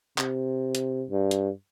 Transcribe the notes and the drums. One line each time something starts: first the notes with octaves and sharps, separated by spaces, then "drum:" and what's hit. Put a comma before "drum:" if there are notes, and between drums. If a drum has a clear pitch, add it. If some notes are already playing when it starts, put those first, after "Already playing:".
C3, drum: clap
drum: hi-hat
G2
drum: hi-hat